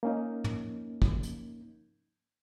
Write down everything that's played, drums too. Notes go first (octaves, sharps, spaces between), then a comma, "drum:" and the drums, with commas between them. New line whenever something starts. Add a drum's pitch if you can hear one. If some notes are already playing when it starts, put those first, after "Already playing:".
A#3 C#4 D#4
drum: tom
drum: kick
drum: hi-hat